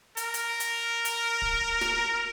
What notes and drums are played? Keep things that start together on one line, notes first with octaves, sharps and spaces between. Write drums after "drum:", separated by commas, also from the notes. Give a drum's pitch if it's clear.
A#4, drum: hi-hat
drum: hi-hat
drum: hi-hat
drum: hi-hat
drum: kick
drum: snare